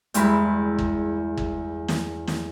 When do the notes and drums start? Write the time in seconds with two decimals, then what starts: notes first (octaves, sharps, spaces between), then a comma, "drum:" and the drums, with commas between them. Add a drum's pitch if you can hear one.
0.14 E2 G2 G#3 E4 A#4 B5, drum: hi-hat
0.78 drum: kick G1
1.37 drum: kick G1
1.88 drum: snare
2.27 drum: snare